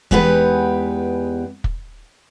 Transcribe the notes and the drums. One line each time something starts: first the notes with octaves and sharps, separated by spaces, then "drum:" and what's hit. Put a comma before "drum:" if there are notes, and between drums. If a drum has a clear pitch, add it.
E2 G#3 B3 D#4 G4 B4, drum: kick
drum: kick